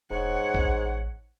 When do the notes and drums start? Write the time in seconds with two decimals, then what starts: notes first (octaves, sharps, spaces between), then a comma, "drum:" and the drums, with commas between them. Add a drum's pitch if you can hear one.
0.11 E1 G#2 C#5 F#5
0.54 A1, drum: kick